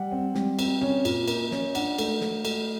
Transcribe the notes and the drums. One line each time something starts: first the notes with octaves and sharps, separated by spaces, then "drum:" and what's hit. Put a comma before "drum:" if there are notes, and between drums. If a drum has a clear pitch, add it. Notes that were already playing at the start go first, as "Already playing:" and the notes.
Already playing: G3 F#5
C4
G3, drum: snare
C4, drum: cymbal
C#4, drum: tom
A#2, drum: cymbal
A#3, drum: cymbal
C#4, drum: snare
D4 F#5, drum: cymbal
A3, drum: cymbal
A3, drum: snare
A3, drum: cymbal